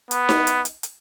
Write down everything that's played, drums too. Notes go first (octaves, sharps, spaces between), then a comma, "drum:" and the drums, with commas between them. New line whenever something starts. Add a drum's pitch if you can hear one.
B3, drum: hi-hat
drum: snare D#4
drum: hi-hat
drum: hi-hat
drum: hi-hat